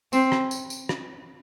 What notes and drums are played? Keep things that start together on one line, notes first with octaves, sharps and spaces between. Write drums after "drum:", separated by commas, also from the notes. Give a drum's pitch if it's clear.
C4, drum: tambourine
drum: rim click
drum: tambourine
drum: tambourine
drum: rim click